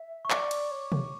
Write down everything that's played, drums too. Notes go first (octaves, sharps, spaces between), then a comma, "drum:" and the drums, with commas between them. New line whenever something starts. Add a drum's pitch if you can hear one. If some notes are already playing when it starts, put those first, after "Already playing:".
Already playing: E5
C#6
D5 D6, drum: clap
drum: cymbal
C#5
drum: tom